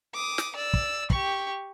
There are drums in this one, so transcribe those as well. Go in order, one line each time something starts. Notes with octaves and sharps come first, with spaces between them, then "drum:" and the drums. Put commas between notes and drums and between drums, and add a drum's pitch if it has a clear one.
D6 D#6
drum: snare
D5 E6
drum: kick
G4 C#6, drum: kick